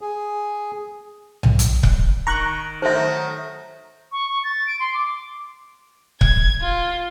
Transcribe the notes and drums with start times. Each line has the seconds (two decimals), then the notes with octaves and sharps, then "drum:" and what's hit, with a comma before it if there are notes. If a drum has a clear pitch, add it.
0.01 G#4
1.43 drum: tom B1
1.59 drum: hi-hat
1.83 drum: kick C#1
2.27 D#3 A#5 C#6 F#6
2.82 D#3 F#3 A3 C5 E5
4.12 C#6
4.29 C#6
4.44 A6
4.67 D7
4.79 C6
4.94 D6
6.21 G#6, drum: kick C#1
6.61 F4